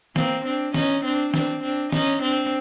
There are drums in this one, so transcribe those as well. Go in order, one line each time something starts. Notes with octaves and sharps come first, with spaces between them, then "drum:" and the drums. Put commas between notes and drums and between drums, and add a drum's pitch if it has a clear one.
A#3 C4, drum: snare
C4 D4
C#4 D#4, drum: snare
C4 D4
C4 D4, drum: snare
C4 D4
C#4 D#4, drum: snare
C4 D4